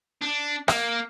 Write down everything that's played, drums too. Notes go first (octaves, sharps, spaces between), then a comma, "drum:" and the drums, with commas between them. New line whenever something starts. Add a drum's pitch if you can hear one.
D4
A#3, drum: rim click